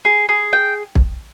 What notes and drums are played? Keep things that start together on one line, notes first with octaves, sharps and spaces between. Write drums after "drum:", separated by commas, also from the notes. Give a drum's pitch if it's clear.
G#4
G#4
G5
drum: kick